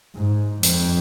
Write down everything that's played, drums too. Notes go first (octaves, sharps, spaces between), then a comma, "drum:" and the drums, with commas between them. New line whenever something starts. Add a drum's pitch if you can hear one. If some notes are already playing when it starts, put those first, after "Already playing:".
G#2
F2, drum: hi-hat